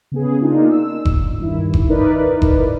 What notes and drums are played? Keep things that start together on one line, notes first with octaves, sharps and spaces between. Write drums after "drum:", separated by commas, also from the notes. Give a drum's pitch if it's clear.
C#3 B3 G#4
A#3 D4 D#4 F4
E6
drum: kick F#1
G2 D#3 E4
drum: kick F#1
D#4 E4 A#4 B4 D5
drum: kick F#1